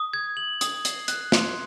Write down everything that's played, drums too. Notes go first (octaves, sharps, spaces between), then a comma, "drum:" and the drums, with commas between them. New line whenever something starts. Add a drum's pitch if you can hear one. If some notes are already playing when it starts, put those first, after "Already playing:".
Already playing: D#6
G#6
F#7
D#6, drum: hi-hat
C7, drum: hi-hat
F#6, drum: hi-hat
C6, drum: snare